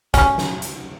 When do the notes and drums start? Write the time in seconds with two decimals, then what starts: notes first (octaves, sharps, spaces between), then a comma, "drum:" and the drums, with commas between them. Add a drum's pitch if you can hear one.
0.14 C#4, drum: kick, hi-hat
0.38 drum: snare
0.62 drum: hi-hat